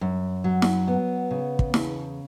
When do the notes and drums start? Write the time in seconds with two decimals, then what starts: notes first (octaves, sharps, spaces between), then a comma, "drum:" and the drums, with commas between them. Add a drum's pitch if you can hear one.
0.01 F#2
0.44 F#3
0.62 drum: snare
0.88 B3
1.31 C#3
1.59 drum: kick
1.74 E2, drum: snare